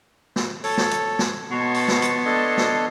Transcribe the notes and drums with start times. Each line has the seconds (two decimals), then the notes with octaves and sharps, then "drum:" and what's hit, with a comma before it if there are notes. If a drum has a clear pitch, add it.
0.36 drum: snare
0.64 A4 C#5, drum: open hi-hat
0.77 drum: snare
0.91 drum: hi-hat
1.19 drum: snare
1.51 B2 B3 F#4 C#5 A5 C6
1.74 drum: open hi-hat
1.88 drum: snare
2.02 drum: hi-hat
2.25 D4 A4 D#5
2.57 drum: snare